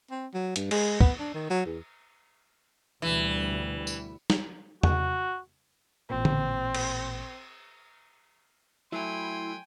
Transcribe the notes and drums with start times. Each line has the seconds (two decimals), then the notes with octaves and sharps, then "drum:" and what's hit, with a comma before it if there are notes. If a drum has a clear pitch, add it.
0.11 C4
0.34 F#3
0.56 G2, drum: hi-hat
0.71 G#3, drum: cymbal
1.01 B3, drum: kick
1.19 D4
1.34 D#3
1.50 F#3
1.66 E2
3.02 D2 B2 E3 G3
3.87 drum: tambourine
4.30 drum: snare
4.83 F#4, drum: tom E2
6.10 A1 A#2 C4
6.25 drum: tom D3
6.75 drum: cymbal
8.92 F#3 A3 E4 G5 G#5 C6